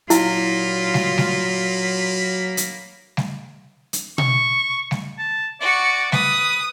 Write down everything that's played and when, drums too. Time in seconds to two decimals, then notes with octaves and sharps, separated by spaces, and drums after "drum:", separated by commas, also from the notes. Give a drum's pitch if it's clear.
0.10 A#2 F#3 A#3 E4 F4 B5, drum: hi-hat
0.94 drum: snare G3
1.18 drum: snare G3
2.57 drum: hi-hat
3.17 drum: snare G3
3.93 drum: hi-hat
4.18 C#6, drum: tom B2
4.91 drum: snare G3
5.18 A5
5.61 F#4 D5 C#7
6.12 B4 D#6, drum: snare G3